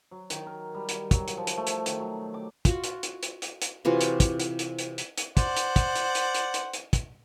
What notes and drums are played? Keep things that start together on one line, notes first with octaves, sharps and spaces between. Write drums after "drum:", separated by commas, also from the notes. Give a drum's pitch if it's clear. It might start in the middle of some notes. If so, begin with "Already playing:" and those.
F#3
D#3, drum: hi-hat
A#4
G3
drum: hi-hat
F#3, drum: kick, hi-hat
drum: hi-hat
F3
drum: hi-hat
A3
drum: hi-hat
D#3, drum: hi-hat
F#3
D6
F4 F#4, drum: kick, hi-hat
drum: hi-hat
drum: hi-hat
drum: hi-hat
drum: hi-hat
drum: hi-hat
C3 E3 F4 F#4
drum: hi-hat
drum: kick, hi-hat
drum: hi-hat
drum: hi-hat
drum: hi-hat
drum: hi-hat
drum: hi-hat
C5 D5 F#5, drum: kick, hi-hat
drum: hi-hat
drum: kick, hi-hat
drum: hi-hat
drum: hi-hat
drum: hi-hat
drum: hi-hat
drum: hi-hat
drum: kick, hi-hat